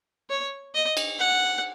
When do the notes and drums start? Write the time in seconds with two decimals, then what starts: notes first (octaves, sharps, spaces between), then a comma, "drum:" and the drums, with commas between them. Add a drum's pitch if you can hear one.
0.30 C#5
0.75 D#5
0.97 drum: cymbal
1.19 F#5